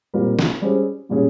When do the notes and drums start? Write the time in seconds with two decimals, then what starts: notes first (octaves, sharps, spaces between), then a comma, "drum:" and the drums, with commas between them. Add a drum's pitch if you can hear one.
0.14 A#2 G3 C4 F4 A#4
0.39 drum: snare
0.62 G3 C#4 G#4 C5
1.09 A#2 G3 C#4 G#4 C#5